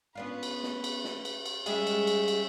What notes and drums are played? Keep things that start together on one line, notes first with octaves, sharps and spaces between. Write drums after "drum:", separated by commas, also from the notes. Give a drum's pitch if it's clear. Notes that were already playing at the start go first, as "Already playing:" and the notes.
B3 C#4 D4 F4 B4
drum: cymbal
drum: snare
drum: cymbal
drum: snare
drum: cymbal
drum: cymbal
G3 G#3 C#4 G#4 E5, drum: cymbal
drum: cymbal
drum: cymbal
drum: cymbal